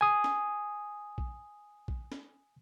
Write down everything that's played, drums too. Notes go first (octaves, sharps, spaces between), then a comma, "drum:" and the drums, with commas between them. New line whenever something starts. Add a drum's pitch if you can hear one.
G#5 D#6
drum: snare
drum: kick A#1
drum: kick A#1
drum: snare